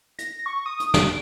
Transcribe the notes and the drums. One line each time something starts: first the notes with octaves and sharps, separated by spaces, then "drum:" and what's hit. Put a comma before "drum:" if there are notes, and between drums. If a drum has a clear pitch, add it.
A#6, drum: hi-hat
C#6
D#6
drum: hi-hat
D7, drum: snare